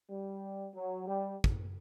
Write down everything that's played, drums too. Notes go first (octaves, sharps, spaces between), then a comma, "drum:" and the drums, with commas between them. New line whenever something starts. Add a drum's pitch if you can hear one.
G3
F#3
G3
drum: kick